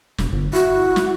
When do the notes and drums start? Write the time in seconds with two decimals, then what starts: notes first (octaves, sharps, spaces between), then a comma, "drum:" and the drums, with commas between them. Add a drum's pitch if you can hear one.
0.18 E1, drum: snare
0.32 G1
0.53 E4 F#4
0.96 drum: snare